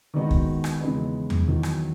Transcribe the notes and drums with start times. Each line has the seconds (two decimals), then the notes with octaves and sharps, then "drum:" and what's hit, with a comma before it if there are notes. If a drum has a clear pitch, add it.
0.14 D#3 G#3 B3 D#4 F#4
0.31 drum: kick
0.64 drum: rim click
0.80 E2 C#3 G#3 B3 D#4
1.30 drum: tom E2
1.47 E2 D#3 F#3
1.63 drum: rim click